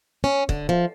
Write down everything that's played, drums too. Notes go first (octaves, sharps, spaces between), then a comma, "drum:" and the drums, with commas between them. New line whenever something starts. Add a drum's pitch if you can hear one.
C#4
D3, drum: kick
F3